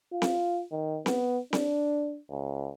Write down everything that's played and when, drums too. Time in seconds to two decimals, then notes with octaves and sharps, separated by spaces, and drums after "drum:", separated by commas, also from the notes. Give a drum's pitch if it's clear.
0.12 F4
0.22 drum: snare C4
0.72 D#3
1.06 B3, drum: snare C4
1.53 D4, drum: snare C4
2.30 C#2